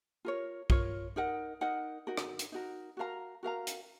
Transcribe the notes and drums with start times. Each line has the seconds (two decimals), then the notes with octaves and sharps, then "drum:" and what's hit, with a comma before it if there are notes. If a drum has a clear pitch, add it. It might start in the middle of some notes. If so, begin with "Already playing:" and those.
0.25 F4 A#4 C#5
0.70 F4 A#4 C#5, drum: kick
1.16 D#4 A#4 D#5 F#5
1.61 D#4 A#4 D#5 F#5
2.07 D#4 F#4 A#4
2.17 drum: rim click
2.39 drum: hi-hat
2.52 D#4 F#4 A#4
2.97 F#4 A#4 F5 A#5
3.43 F#4 A#4 F5 A#5
3.67 drum: hi-hat